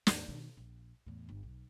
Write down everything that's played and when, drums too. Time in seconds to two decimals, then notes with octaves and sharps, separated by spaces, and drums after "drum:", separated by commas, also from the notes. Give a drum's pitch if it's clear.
0.07 D#2 G#2, drum: snare
0.28 B2 D#3
0.57 A#1
1.07 E2 A2
1.29 G1
1.43 B1